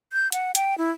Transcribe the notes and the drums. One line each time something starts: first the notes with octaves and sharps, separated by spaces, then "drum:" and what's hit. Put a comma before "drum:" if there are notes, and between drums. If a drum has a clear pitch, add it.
G6
F#5, drum: hi-hat
G5, drum: hi-hat
E4